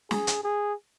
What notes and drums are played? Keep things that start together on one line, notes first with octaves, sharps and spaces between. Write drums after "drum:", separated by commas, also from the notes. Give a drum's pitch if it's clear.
G#4, drum: snare
drum: hi-hat
G#4